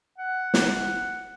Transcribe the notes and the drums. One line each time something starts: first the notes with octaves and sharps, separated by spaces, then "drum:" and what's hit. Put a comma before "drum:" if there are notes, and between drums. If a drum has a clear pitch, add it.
F#5
drum: snare